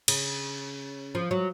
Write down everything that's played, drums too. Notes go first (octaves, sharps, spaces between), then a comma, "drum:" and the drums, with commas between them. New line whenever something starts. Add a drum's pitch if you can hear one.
C#3, drum: cymbal
F3
F#3